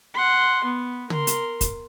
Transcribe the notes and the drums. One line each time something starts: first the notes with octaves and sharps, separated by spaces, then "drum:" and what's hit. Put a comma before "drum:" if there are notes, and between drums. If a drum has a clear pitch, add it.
F#5 C6
B3
A#4 C6, drum: tom
drum: hi-hat
drum: kick, hi-hat